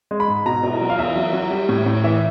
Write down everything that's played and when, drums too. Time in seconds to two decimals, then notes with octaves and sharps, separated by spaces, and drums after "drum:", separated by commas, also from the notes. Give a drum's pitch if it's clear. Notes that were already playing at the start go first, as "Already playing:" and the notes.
0.11 G#3
0.20 B5
0.28 G#2
0.45 B2 A#5
0.63 B2, drum: cymbal
0.81 F#3
0.90 F5
0.98 E2 E5
1.16 F#3
1.33 F#3
1.51 G3
1.69 A2
1.86 A2
2.04 E3 E5